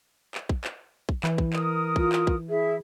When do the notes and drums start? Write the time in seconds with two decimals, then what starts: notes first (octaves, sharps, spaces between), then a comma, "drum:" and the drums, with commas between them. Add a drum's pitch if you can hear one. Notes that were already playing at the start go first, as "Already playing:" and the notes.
0.35 drum: clap
0.49 drum: kick
0.64 drum: clap
1.09 drum: kick
1.24 E3, drum: clap
1.38 drum: kick
1.53 A#4 D#6, drum: clap
1.96 F4, drum: kick
2.12 drum: clap
2.27 drum: kick
2.49 E4 G#4 E5